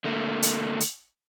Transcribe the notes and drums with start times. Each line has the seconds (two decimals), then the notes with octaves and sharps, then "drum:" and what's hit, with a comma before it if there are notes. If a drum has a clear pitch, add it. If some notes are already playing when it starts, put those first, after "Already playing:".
0.04 D3 A3 A#3
0.42 drum: hi-hat
0.80 drum: hi-hat